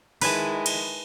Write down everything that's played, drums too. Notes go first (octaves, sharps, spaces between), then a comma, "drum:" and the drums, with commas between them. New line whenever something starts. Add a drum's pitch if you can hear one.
D#3 G#3 E4 B4 G#5 A5, drum: open hi-hat
drum: cymbal